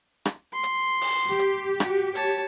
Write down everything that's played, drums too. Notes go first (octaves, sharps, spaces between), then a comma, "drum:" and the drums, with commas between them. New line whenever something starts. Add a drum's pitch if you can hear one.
drum: rim click
C6
drum: hi-hat
drum: open hi-hat
G4
drum: hi-hat
F#4, drum: rim click
C#5 A5, drum: hi-hat